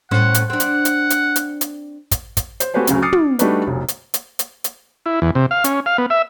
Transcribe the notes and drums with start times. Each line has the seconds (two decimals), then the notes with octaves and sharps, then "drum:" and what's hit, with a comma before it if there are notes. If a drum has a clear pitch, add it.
0.11 A2 C#4 C5 F#5
0.34 drum: hi-hat
0.50 C4 D4 F#5
0.60 drum: hi-hat
0.85 drum: hi-hat
1.10 drum: hi-hat
1.36 drum: hi-hat
1.61 drum: hi-hat
2.11 drum: kick, hi-hat
2.37 drum: kick, hi-hat
2.60 C5, drum: hi-hat
2.74 A3 F#4 G4 B4 C5 G#5
2.87 D2 C#3 F#3 C#4, drum: hi-hat
3.02 D6 D#6 F6 A6 C7 C#7
3.13 drum: tom
3.39 G3 A3 D4 D#4 F#4 B4, drum: hi-hat
3.67 F1 B1
3.88 drum: hi-hat
4.14 drum: hi-hat
4.39 drum: hi-hat
4.64 drum: hi-hat
5.06 E4
5.22 E2
5.35 C3
5.51 F5
5.64 C#4, drum: hi-hat
5.86 F5
5.98 B3
6.10 E5